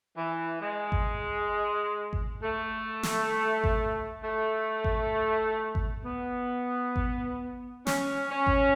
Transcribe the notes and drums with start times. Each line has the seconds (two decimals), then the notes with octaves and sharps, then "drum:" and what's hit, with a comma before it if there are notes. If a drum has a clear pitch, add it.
0.17 E3
0.62 G#3
0.92 drum: kick G#1
2.13 drum: kick G#1
2.43 A3
3.03 drum: snare
3.64 drum: kick G#1
4.24 A3
4.84 drum: kick G#1
5.75 drum: kick G#1
6.05 B3
6.96 drum: kick G#1
7.87 C#4, drum: snare
8.31 C#4
8.47 drum: kick G#1